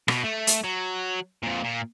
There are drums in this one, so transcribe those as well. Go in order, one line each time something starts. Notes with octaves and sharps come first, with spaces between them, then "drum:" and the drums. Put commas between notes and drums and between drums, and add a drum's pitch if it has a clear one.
B2, drum: rim click
A3
drum: hi-hat
F#3
F2 A#2
A#2